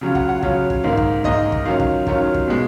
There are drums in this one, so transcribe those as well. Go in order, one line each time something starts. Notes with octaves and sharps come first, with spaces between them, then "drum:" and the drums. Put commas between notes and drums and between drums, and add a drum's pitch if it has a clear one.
C#3 F#3 C#4 F4
F#5, drum: kick
F#5
C#3 F#3 C#4 F4, drum: kick
drum: kick
G#2 D#3 A#3 F5
drum: kick
G#2 D#3 A#3 D#5, drum: kick
drum: kick
D#3 F#3 C#4 F4 F5
drum: kick
D#3 F#3 C#4 F4, drum: kick
drum: kick
B2 G#3